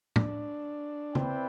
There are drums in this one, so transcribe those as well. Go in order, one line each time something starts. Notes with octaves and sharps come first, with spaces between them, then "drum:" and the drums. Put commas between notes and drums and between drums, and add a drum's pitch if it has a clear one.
D4, drum: tom
C4 E4 B4 D5 G5, drum: tom